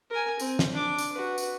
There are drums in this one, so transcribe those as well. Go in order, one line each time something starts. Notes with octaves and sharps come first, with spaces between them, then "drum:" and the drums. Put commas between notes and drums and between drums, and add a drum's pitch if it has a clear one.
A#4 G#5
C4, drum: tambourine
drum: snare
D4 D6
drum: tambourine
F#4 B4
drum: tambourine